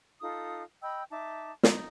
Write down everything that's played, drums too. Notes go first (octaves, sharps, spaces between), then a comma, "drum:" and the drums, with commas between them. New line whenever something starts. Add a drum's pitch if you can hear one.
D#4 F4 A4 D#6
D#5 G5 B5 E6
D#4 E5 A5 D6
D#4, drum: snare